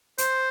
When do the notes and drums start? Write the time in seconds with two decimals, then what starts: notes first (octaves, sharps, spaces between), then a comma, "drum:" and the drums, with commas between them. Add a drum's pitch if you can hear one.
0.18 C5, drum: hi-hat